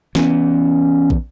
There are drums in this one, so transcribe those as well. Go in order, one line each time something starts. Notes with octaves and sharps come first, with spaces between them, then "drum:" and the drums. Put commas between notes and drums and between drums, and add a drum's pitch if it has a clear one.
E3 B3 C#4, drum: snare
drum: kick